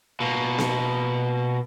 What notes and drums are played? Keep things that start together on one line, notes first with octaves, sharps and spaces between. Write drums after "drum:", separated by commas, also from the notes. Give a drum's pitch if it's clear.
B2 A#3
drum: snare B3